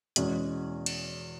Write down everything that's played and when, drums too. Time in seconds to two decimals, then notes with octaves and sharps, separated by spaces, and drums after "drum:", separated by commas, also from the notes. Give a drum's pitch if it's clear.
0.16 E2 B2 G#3 C#4, drum: hi-hat
0.86 drum: cymbal